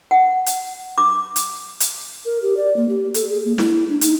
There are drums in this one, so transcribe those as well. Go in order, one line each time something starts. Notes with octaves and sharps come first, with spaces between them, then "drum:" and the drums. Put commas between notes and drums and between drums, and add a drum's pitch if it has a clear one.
F#5
drum: hi-hat
D6
drum: hi-hat
drum: hi-hat
A#4
G4
D5
A#3
G4
A4, drum: hi-hat
G#4
A#3
E4, drum: snare
D4
D#4, drum: hi-hat